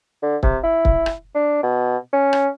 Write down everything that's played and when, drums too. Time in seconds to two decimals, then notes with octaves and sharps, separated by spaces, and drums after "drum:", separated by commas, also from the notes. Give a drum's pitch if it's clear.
0.22 D3
0.43 C3, drum: kick
0.64 E4
0.85 drum: kick
1.06 drum: rim click
1.35 D4
1.63 B2
2.13 C#4
2.33 drum: rim click